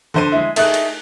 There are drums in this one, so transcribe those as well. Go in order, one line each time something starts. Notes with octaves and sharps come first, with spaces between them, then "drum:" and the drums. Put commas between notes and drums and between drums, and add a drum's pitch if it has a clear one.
D3 C5 D#7
G#3 E4
A3 D#4 G#4 F#6, drum: cymbal
drum: cymbal